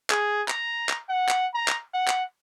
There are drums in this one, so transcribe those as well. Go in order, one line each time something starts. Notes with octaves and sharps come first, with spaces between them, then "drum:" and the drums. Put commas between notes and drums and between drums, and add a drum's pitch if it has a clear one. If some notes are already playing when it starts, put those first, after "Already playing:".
G#4, drum: clap
A#5, drum: clap
drum: clap
F#5
drum: clap
A#5
drum: clap
F#5
drum: clap